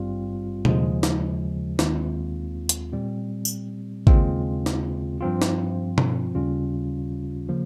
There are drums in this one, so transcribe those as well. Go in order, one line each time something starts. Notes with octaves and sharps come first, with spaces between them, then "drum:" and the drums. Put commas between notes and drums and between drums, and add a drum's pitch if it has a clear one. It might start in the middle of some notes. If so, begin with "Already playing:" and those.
Already playing: G#1 G2 G3 C4 F4
D#2 C#3 F3 G#3, drum: tom B2
drum: snare
D#2 D#3 G#3 C4 F4, drum: snare
drum: hi-hat
A#2 G3 C4
drum: tambourine
D#2 C#3 G#3 C4 F4, drum: kick
drum: snare
G2 F3 C4 F4
drum: snare
drum: tom B2
D#2 C#3 G3 C#4 F4
C#3 F3 A#3